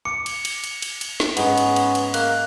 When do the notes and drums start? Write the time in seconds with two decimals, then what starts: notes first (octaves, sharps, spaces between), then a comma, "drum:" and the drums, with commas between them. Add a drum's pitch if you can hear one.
0.05 D6 C#7
0.26 drum: cymbal
0.45 drum: cymbal
0.64 drum: cymbal
0.82 drum: cymbal
1.01 drum: cymbal
1.20 drum: snare
1.37 G#2 B3 C#4, drum: cymbal
1.58 drum: cymbal
1.76 drum: cymbal
1.95 drum: cymbal
2.14 A#3 F#6, drum: cymbal